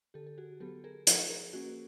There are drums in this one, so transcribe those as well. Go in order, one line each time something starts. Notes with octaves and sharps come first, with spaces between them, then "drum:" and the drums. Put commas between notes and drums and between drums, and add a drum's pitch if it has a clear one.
D3 G4 A4
A4
F#4 G#4
F#3 B3 G4 A4
G#4 A#4
F3 A4 B4, drum: hi-hat
G#4 A#4
A#3 C#4 F#4 G#4